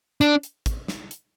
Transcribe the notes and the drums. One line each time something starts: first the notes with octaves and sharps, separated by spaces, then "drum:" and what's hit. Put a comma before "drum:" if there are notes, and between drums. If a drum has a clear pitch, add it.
D4, drum: hi-hat
drum: hi-hat
drum: kick, hi-hat
drum: snare
drum: hi-hat